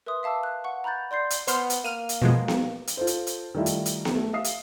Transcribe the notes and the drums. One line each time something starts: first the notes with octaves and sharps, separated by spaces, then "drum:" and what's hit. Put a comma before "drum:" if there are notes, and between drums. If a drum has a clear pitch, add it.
A#4 B4 E5 C6 D#6
E5 F5 A5 D6 E6
F#6
F#5 C#6
A#5 B5 F#6 G6 A6
D5 C6 G6 C7
drum: hi-hat
B3 C5 C6 F6, drum: hi-hat
drum: hi-hat
A#3 F6 D#7
drum: hi-hat
B2 F3 G#3
drum: snare B3
drum: hi-hat
F4 A4 C5
drum: hi-hat
drum: hi-hat
D#3 G3 A3 E4 F4
drum: hi-hat
drum: hi-hat
drum: snare B3
A3
E5 F5 D#6 C7
drum: hi-hat